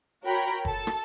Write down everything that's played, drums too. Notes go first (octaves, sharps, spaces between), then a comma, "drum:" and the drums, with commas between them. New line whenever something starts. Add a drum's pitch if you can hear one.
F#4 A#4 C#5 G5 A#5 B5
A4 A5, drum: kick F#1
drum: rim click